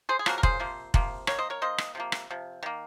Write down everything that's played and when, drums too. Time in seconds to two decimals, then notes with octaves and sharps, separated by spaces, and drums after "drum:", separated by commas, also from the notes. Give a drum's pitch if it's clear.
0.09 G#4 C5
0.19 G#4
0.26 C#3 F3 A#3 F#4 A#4, drum: rim click
0.38 A#4
0.43 G#4 C5, drum: kick
0.59 C3 F3 A#3
0.94 C3 F3 A#3, drum: kick
1.27 D#3 A#3 A#4 C#5, drum: rim click
1.39 C5 D#5
1.50 A#4 C#5
1.62 D#3 A#3 C5 D#5
1.78 drum: rim click
1.95 C3 F3 A#3
2.12 drum: rim click
2.31 C3 F3
2.63 D#3 A#3